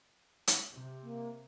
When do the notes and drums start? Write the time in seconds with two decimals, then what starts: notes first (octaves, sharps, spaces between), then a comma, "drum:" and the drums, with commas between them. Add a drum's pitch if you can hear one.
0.47 drum: hi-hat
0.71 C3
1.02 A#3